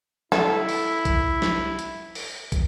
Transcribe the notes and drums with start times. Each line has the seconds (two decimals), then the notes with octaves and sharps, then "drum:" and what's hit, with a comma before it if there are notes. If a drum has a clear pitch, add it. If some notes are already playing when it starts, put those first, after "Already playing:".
0.32 E4 A4, drum: snare
0.69 drum: open hi-hat
1.05 drum: kick, hi-hat
1.42 drum: snare
1.79 drum: hi-hat
2.15 drum: open hi-hat
2.52 drum: kick, hi-hat